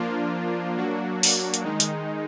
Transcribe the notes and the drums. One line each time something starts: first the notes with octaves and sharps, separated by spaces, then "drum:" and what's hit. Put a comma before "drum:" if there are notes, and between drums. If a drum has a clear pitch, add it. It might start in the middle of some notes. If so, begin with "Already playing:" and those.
Already playing: F3 A#3 D4 F4
F#3 A#3 D4 F#4
drum: open hi-hat
drum: hi-hat
D#3 G#3 D#4
drum: hi-hat